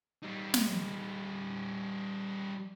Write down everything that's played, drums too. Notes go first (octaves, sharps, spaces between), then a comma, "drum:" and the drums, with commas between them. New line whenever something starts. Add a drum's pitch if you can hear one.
G3 D#4
drum: snare